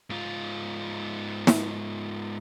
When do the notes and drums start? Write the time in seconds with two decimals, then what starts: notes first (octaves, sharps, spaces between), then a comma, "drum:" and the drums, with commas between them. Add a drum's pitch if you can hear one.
0.10 G#2 F4
1.47 drum: snare